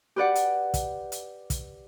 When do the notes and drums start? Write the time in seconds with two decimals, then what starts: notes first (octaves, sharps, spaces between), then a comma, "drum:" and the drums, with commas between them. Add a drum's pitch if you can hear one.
0.16 G4 B4 D5 F#5
0.35 drum: hi-hat
0.74 drum: kick, hi-hat
1.12 drum: hi-hat
1.50 drum: kick, hi-hat